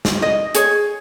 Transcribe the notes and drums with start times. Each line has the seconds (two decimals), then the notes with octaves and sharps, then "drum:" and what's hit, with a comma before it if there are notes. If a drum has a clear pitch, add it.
0.05 drum: snare
0.22 D#5
0.55 G#4 C#5, drum: hi-hat